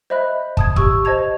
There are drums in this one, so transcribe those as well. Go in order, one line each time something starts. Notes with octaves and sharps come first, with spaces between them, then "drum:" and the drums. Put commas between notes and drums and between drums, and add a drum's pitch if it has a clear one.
C5 D#5 E5 B5 F#6
A5 D#6 G#6, drum: kick
G4 C#6 E6, drum: kick
C5 D#5 A5 G#6 F7